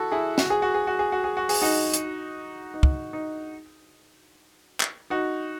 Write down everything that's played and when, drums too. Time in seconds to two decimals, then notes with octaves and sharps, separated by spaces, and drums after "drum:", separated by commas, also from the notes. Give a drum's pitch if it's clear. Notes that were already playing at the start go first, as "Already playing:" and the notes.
Already playing: E4 F#4 A4
0.11 E4 G#4
0.38 F#4, drum: snare
0.50 G#4
0.62 F#4
0.74 G#4
0.87 F#4
0.99 G#4
1.12 F#4
1.24 G#4
1.37 F#4
1.49 G#4, drum: open hi-hat
1.62 D#4 F#4
1.94 drum: hi-hat
2.74 D#4
2.83 drum: kick
3.13 D#4
4.80 drum: clap
5.10 D#4 F#4